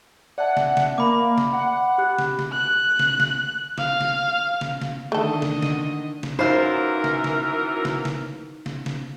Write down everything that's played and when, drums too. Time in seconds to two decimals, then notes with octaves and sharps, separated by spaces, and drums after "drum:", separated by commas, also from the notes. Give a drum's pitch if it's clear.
0.38 D5 E5 F#5 A5
0.57 drum: snare
0.77 drum: snare
0.98 A#3 B5 D6
1.38 drum: snare
1.53 F#5
1.98 G4 F#6
2.19 drum: snare
2.39 drum: snare
2.52 F#6
2.99 drum: snare
3.20 drum: snare
3.78 F5, drum: snare
4.01 drum: snare
4.61 drum: snare
4.82 drum: snare
5.12 D3 D#3 A3 A4 D#5
5.42 drum: snare
5.62 drum: snare
6.23 drum: snare
6.39 F#2 C#3 E3 D#4 F4 A#4 C5
7.04 drum: snare
7.24 drum: snare
7.85 drum: snare
8.05 drum: snare
8.66 drum: snare
8.86 drum: snare